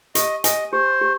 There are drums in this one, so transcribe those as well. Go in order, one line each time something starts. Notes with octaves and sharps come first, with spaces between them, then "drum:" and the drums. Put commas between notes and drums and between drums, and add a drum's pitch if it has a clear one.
G4 D#5, drum: hi-hat
D#5 G#5, drum: hi-hat
G4 C5
G4